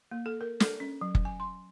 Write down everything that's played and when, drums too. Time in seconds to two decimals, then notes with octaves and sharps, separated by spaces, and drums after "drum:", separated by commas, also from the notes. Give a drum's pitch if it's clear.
0.11 A#3
0.26 A4
0.41 A#4
0.60 A4, drum: snare
0.80 C#4
1.01 F#3
1.15 drum: kick F#1
1.25 G#5
1.40 C6